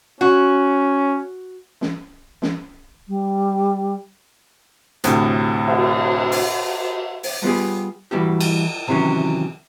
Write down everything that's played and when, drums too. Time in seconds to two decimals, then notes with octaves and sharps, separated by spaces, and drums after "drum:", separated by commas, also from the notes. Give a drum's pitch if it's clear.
0.21 C#4 F#4
1.81 drum: snare
2.42 drum: snare
3.08 G3
5.04 D2 A2 C3, drum: hi-hat
5.68 drum: cymbal
6.32 drum: open hi-hat
7.23 drum: open hi-hat
7.42 G3 B3 F4 G4 G#4
8.11 E3 G3 F#4 G4
8.40 drum: cymbal
8.88 C3 D#3 E3 F#3 C#4